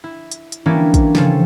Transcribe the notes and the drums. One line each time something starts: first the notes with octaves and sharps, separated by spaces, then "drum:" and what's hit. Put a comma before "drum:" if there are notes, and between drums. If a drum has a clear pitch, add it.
E4
drum: hi-hat
drum: hi-hat
E3 G3 A#3 C#4 D4 E4
drum: kick, hi-hat
C#3 F3 G3 C#4 A4, drum: snare